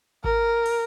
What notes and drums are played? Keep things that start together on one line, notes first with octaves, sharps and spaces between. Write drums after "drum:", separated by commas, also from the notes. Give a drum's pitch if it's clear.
A#4, drum: kick G#1
drum: cymbal